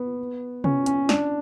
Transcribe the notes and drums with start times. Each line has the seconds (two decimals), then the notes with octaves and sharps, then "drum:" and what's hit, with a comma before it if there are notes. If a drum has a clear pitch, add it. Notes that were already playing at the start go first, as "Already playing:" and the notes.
Already playing: B3
0.64 C#4, drum: tom C3
0.86 C#4, drum: hi-hat
1.09 D4, drum: snare